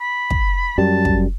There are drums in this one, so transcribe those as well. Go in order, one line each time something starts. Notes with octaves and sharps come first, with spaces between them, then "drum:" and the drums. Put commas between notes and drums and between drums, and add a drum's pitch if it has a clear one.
B5
drum: kick
F#2 G3 A5
drum: kick